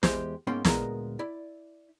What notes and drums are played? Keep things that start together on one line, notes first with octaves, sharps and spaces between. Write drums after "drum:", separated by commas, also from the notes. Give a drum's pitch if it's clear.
E2 B2 G#3 G4 C5, drum: snare
G#2 A#3 B3 C#4 G5 C6
D2 A#2 G#3 B3 A#4 A#5, drum: snare
E4 D5